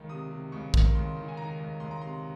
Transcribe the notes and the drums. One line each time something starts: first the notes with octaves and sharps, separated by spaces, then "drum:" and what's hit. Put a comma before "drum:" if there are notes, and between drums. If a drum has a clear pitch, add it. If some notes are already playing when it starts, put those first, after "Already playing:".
Already playing: C#2 D#3
C3 D#6
C3
C#2 C#6
D#3, drum: kick A#1
C#2 C6
D#3
G#5
D#3 A#5
C#2
C#2 C6
A#5
C3 C6